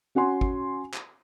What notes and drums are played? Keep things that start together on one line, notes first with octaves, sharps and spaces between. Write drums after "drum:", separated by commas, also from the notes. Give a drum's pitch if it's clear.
C#4 F#4 F#5 G#5 C6
drum: kick
drum: clap